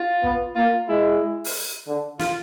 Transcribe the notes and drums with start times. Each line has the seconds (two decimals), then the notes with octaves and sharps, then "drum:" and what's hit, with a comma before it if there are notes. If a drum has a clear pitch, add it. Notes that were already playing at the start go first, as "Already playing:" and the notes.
Already playing: F4
0.23 B3, drum: kick
0.55 A#3 F4
0.88 G#3 E4
1.44 drum: open hi-hat
1.87 D3
2.19 F4, drum: snare